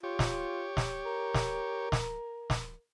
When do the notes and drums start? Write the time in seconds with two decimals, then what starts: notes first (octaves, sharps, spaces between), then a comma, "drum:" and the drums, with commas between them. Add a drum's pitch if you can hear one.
0.03 F4 G4 C#5
0.19 drum: snare
0.77 drum: snare
1.06 A#4
1.34 drum: snare
1.92 drum: snare
2.50 drum: snare